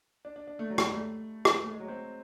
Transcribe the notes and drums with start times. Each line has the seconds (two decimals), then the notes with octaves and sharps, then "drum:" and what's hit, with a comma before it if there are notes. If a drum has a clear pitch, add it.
0.25 D4
0.36 D4
0.47 D4
0.59 A3
0.70 F#3
0.78 G3, drum: rim click
0.86 G#3
0.93 A3
1.45 drum: rim click
1.63 A3
1.71 G#3
1.80 F#3
1.88 C4